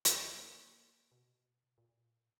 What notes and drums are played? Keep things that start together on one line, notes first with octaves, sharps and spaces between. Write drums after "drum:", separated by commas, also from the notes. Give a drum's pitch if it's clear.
C2, drum: hi-hat
A#3
B2
A#2